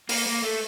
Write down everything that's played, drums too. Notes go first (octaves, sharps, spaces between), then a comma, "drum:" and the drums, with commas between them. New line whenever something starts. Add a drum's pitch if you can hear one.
A#3, drum: open hi-hat
A#3
A3